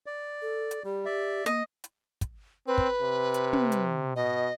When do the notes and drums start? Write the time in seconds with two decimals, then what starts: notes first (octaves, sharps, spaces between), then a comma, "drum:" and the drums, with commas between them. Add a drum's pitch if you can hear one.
0.06 D5
0.42 A4
0.71 drum: hi-hat
0.84 G3 G4
1.05 D5 E5
1.46 A#3 D#5, drum: hi-hat
1.84 drum: hi-hat
2.21 drum: kick, hi-hat
2.67 C4 B4
2.78 drum: kick
3.02 C3
3.34 drum: hi-hat
3.53 drum: tom
3.72 drum: hi-hat
4.16 B2 D#5